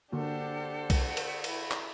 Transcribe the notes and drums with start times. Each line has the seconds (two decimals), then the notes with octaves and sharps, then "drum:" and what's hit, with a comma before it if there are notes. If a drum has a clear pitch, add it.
0.12 D3 A#3 D4 F#4 G4 A4 C5 F#5
0.90 drum: kick B1, cymbal
1.17 drum: cymbal
1.44 E4, drum: cymbal
1.71 drum: clap